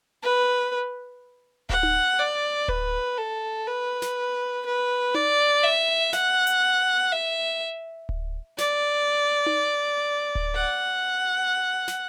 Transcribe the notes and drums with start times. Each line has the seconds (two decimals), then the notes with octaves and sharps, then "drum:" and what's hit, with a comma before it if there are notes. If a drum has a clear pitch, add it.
0.23 B4
1.70 F#5, drum: kick D1
1.83 drum: tom D#4
2.19 D5
2.68 B4, drum: kick D1
3.18 A4
3.67 B4
4.02 drum: snare
4.66 B4
5.14 D5, drum: tom D#4
5.63 E5
6.13 F#5, drum: snare
6.47 drum: hi-hat
7.11 E5
8.09 drum: kick D1
8.58 D5, drum: snare
9.46 drum: tom D#4
10.35 drum: kick D1
10.55 F#5
11.88 drum: snare